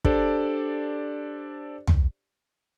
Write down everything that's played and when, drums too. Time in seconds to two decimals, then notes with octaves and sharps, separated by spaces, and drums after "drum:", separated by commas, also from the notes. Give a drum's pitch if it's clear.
0.05 D4 G4 A4 C5 D5, drum: kick
1.87 drum: tom